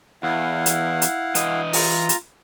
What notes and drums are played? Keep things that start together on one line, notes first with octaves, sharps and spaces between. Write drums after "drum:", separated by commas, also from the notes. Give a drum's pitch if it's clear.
E2 E4 F5 F#5
drum: hi-hat
drum: hi-hat
E3 D#5, drum: hi-hat
F4 A#5, drum: open hi-hat
drum: hi-hat